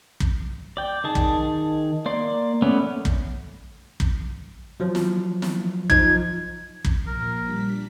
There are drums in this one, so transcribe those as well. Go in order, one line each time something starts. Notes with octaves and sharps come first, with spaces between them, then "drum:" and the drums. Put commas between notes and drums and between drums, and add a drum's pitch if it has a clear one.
drum: kick
D5 G5
D#3 G#4 A5
drum: kick
A#3 D5 C6
A3 B3 C#4 B4 D5
drum: kick
drum: kick
F3 F#3
drum: snare
drum: snare
F3 D#4 G#6, drum: kick
drum: kick
A#2 F3 A#4
G3 D4 B6